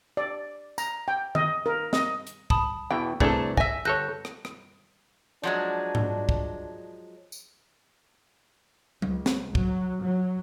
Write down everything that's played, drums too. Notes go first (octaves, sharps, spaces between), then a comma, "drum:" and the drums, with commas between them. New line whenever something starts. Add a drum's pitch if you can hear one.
D5
A#5, drum: tambourine
G5
D#5, drum: tom D#3
A#4
D#5, drum: snare
drum: hi-hat
A5 B5 D#6, drum: kick
E2 B2 E3 G5
C2 E3 A3 D4 G#4 A4, drum: kick
E5 G#5 E6 A#6, drum: kick
G1 A4 C#5 F#6 G6 A#6
drum: rim click
drum: rim click
F3 F#3 G#3 D4
drum: tom G#2
drum: kick
drum: tambourine
C#2, drum: tom F#3
drum: snare
F#3, drum: kick
F#3